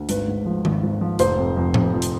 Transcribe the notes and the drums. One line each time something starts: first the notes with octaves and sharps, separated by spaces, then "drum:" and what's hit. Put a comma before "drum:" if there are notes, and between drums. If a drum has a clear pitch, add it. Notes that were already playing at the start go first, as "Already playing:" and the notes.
Already playing: D2
G#1 B4, drum: hi-hat
G#2
F3
G#1, drum: tom D#3
G#1
F3
F1 C5, drum: hi-hat
F2
F2
F2, drum: tom A2
F2
drum: hi-hat